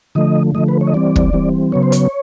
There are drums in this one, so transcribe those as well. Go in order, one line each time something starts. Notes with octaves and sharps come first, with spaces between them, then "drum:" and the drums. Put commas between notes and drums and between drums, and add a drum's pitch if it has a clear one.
D3 F3 A3 D#5
D3 F3 A3 D#5
B4
C#5
D#5
E3 G3 C4 D5
drum: kick
E3 G3 C4
C#3 F#3 B3 C#5
C5
C#5, drum: hi-hat